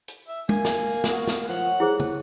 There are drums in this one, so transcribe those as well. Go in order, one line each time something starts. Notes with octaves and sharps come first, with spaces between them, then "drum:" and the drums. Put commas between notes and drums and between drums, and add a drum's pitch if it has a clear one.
drum: hi-hat
E5
A#3 G#5, drum: tom
drum: snare
A3 B3, drum: snare
drum: snare
F3 F#3 F#5
G3 E4 G#4 C5
A3, drum: tom